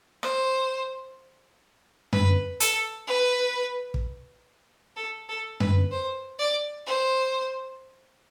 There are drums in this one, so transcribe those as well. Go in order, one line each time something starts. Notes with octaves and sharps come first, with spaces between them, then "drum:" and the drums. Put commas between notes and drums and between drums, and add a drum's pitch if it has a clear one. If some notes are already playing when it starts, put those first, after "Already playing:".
C5, drum: rim click
B4, drum: tom F#2
A4, drum: hi-hat
B4
drum: kick
A4
A4
B4, drum: tom F#2
C5
D5
C5